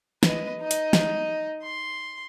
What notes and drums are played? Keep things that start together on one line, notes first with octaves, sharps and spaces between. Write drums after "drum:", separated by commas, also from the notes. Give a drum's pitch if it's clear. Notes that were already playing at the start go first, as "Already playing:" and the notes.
B4 D#5, drum: snare
D#4 D#5
drum: hi-hat
drum: snare
C6